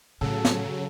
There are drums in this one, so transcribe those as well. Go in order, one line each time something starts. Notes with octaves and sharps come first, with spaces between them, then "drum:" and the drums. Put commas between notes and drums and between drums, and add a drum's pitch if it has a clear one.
A2 C#3 F#3 A4
drum: snare